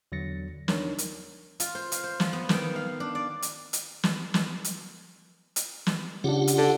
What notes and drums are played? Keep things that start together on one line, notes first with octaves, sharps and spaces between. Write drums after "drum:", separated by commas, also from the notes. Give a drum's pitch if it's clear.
E2 D3 F#3 A6 A#6 C#7
D4 D#4 A#4 C#5, drum: snare
drum: hi-hat
F4, drum: hi-hat
C5
F5, drum: hi-hat
C5
F3, drum: snare
B3
D#3, drum: snare
F5
D4
D5
drum: hi-hat
drum: hi-hat
drum: snare
drum: snare
drum: hi-hat
drum: hi-hat
drum: snare
C#3 D4 F4 G4 F#5
drum: hi-hat
D3